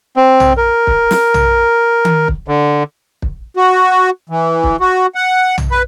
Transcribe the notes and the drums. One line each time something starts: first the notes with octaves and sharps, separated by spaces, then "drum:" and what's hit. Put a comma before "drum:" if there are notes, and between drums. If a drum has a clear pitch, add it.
C4
drum: tom
A#4
drum: kick
drum: snare
drum: tom
drum: tom D#3
drum: kick
D3
drum: kick
F#4
E3
drum: kick
F#4
F#5
drum: tom
B4